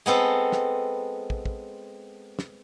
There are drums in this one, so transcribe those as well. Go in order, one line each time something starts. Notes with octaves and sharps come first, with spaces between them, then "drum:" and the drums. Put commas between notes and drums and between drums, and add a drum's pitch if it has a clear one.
G#3 B3 C4 A4
drum: snare
drum: kick
drum: kick
drum: snare